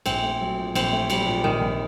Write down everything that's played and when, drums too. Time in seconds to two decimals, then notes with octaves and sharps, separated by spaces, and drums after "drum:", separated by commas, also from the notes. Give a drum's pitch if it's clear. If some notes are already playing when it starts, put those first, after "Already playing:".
0.06 A#1 C4, drum: cymbal
0.23 A3
0.40 F#3
0.58 A#2
0.75 A#1 C4, drum: cymbal
0.93 A3
1.10 F#3 G3, drum: cymbal
1.27 A#2
1.44 A#1 D#3
1.61 A#1